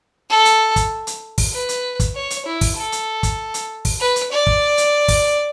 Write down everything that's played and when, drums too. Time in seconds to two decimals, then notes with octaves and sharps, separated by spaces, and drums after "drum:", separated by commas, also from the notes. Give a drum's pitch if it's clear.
0.30 A4
0.45 drum: hi-hat
0.76 drum: kick, hi-hat
1.07 drum: hi-hat
1.38 drum: kick, open hi-hat
1.53 B4
1.69 drum: hi-hat
2.00 drum: kick, hi-hat
2.15 C#5
2.30 drum: hi-hat
2.46 E4
2.61 drum: kick, open hi-hat
2.77 A4
2.92 drum: hi-hat
3.23 drum: kick, hi-hat
3.54 drum: hi-hat
3.85 drum: kick, open hi-hat
4.00 B4
4.16 drum: hi-hat
4.31 D5
4.47 drum: kick
4.78 drum: hi-hat
5.08 drum: kick, open hi-hat